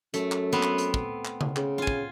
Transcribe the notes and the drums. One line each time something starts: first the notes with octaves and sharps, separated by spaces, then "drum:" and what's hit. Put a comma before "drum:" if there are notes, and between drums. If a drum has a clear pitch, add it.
F#2 A3, drum: hi-hat
drum: clap
B3 C4 B4
drum: clap
drum: hi-hat
drum: kick
drum: clap
drum: tom C#3
C#3, drum: clap
F4 G#5
drum: kick